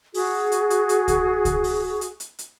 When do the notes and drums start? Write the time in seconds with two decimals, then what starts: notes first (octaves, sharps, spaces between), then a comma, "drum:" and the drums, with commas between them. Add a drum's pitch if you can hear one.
0.14 F#4 G#4, drum: open hi-hat
0.52 drum: hi-hat
0.70 drum: hi-hat
0.89 drum: hi-hat
1.08 drum: kick C#2, hi-hat
1.45 drum: kick C#2, hi-hat
1.64 drum: open hi-hat
2.01 drum: hi-hat
2.20 drum: hi-hat
2.39 drum: hi-hat